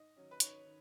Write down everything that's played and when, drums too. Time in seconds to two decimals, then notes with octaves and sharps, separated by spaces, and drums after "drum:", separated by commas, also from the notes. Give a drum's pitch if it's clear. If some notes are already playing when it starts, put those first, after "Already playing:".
Already playing: G#2 D#5
0.16 D#3 F#3 C#4
0.31 B4
0.40 G#2 C#5, drum: hi-hat
0.65 D#3